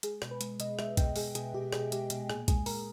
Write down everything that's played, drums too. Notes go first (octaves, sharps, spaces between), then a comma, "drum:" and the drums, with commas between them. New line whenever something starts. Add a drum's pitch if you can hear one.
G#3 G#4, drum: hi-hat
B2, drum: rim click
B4
G#3, drum: hi-hat
B2 D#5, drum: hi-hat
G#3 E5, drum: rim click
B2 G5, drum: kick, hi-hat
G#3 G#4, drum: open hi-hat
B2 G#4, drum: hi-hat
B2 G4
B2 G#4, drum: rim click
G#3 G4, drum: hi-hat
B2, drum: hi-hat
A#2 G#4, drum: rim click
G#3 G#4, drum: kick, hi-hat
A#2 A#4, drum: open hi-hat